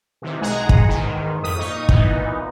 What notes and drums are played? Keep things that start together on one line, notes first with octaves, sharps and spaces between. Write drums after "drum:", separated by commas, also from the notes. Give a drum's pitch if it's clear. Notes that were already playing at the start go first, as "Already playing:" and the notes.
C3 D#3 E3
B1 G#3 G#4 F#5 A#5
drum: kick
E2 G#2 D#3
G1 F2 D#6 B6
A#2 D#4 C#6 D#6
A#2 E3 B3 D#4, drum: kick